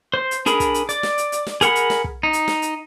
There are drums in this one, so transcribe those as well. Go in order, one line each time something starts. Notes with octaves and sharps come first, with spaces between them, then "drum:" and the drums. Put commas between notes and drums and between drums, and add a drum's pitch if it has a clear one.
C5
drum: hi-hat
D4 G#4 A#4 B5, drum: hi-hat
drum: kick, hi-hat
drum: hi-hat
D5, drum: hi-hat
drum: snare
drum: hi-hat
drum: hi-hat
drum: snare
G#4 A#4 F#5 B5, drum: hi-hat
drum: hi-hat
drum: snare
drum: kick
D#4
drum: hi-hat
drum: snare
drum: hi-hat